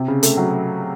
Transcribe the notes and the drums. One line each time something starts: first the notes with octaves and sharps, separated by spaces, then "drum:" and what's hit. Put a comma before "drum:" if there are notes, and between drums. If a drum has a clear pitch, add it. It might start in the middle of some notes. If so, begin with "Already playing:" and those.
Already playing: C3
C#3
A3, drum: hi-hat
F#3